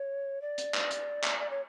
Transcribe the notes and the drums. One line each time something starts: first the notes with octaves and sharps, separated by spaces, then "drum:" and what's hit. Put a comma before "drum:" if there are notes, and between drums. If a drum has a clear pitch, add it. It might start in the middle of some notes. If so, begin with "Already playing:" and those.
Already playing: C#5
D5
drum: hi-hat
drum: clap
drum: hi-hat
drum: clap
D5
C#5